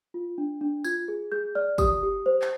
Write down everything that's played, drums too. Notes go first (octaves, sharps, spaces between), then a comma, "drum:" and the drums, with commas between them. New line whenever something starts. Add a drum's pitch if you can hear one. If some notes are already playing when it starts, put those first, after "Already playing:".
F4
D4
D4
F4 G#6, drum: tambourine
G#4
G#4 G6
D5 F6
G4 D#6, drum: kick, tambourine
G4
C5
drum: clap